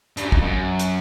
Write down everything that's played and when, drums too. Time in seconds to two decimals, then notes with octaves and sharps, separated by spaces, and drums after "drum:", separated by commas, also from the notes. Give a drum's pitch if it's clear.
0.17 G2, drum: hi-hat
0.25 F#2
0.32 F2, drum: kick
0.42 F#2
0.79 drum: hi-hat